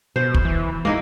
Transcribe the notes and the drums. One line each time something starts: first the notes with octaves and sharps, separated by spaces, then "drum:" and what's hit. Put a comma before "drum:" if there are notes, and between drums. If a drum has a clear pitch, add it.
B2 C5
drum: kick
E3
G#3 A#3 D#4 E4